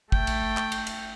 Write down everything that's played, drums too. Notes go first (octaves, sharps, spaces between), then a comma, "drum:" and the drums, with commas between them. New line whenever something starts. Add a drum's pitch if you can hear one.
A3 G5, drum: kick
drum: cymbal
drum: clap
drum: cymbal
drum: cymbal